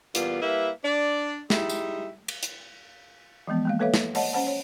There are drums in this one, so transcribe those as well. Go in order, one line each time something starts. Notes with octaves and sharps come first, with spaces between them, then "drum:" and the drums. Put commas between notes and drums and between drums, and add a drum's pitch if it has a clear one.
E2 A#2 G3 B3 F4, drum: hi-hat
G3 A#3 E4 B4 E5
D4 D5
G3 G#3 D#4 E4 E5, drum: snare
drum: tambourine
drum: cymbal
drum: hi-hat
E3 F3 G#3 B3
G#3 A#3 F5
A#3 A4 B4 C#5 E5 F5
drum: snare
C#5 D#5 F#5 A5, drum: open hi-hat
C#4 C5 F#5 A5
C#5